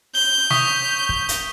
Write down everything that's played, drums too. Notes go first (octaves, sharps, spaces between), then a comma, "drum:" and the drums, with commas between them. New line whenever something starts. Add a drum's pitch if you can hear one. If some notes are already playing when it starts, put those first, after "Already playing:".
G6 G7
C#6 D#6 B6, drum: snare
drum: kick
drum: hi-hat